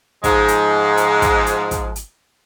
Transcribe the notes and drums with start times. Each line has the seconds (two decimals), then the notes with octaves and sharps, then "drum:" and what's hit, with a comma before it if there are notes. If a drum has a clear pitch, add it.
0.24 G#2 F3 G#3, drum: kick, hi-hat
0.48 drum: hi-hat
0.97 drum: hi-hat
1.22 drum: kick, hi-hat
1.46 drum: hi-hat
1.71 drum: kick, hi-hat
1.96 drum: hi-hat